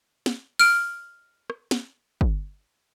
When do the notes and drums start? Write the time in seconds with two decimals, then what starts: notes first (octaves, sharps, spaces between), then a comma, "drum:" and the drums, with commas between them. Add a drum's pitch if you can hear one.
0.26 drum: snare
0.60 F6 D7, drum: open hi-hat
1.50 drum: rim click
1.71 drum: snare
2.21 drum: kick